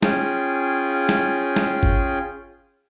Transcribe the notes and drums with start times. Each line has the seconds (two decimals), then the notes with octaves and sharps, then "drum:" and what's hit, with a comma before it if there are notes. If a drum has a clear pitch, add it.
0.03 C#4 F4 G#4 G5, drum: snare
1.09 drum: snare
1.56 drum: snare
1.83 drum: kick G#1